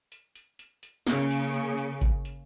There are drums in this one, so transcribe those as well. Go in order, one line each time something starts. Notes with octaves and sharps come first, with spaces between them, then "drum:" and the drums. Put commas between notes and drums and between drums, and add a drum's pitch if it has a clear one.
drum: hi-hat
drum: hi-hat
drum: hi-hat
drum: hi-hat
C#3 A#3, drum: snare
drum: open hi-hat
drum: hi-hat
drum: hi-hat
drum: kick G#1, hi-hat
drum: hi-hat